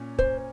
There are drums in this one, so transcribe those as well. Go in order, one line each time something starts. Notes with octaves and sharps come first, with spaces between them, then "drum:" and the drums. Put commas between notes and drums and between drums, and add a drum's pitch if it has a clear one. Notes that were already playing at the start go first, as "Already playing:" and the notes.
Already playing: A#2 C#4
C5, drum: kick